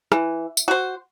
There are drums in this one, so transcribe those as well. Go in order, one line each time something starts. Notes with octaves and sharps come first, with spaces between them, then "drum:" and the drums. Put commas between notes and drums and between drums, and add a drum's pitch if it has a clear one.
E3, drum: rim click
drum: tambourine
F#4 C5